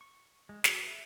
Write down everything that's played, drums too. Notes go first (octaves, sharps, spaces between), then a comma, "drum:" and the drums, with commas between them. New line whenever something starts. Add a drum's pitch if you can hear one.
C#6
G#3
F#4 G#4 A4 B4, drum: snare
E5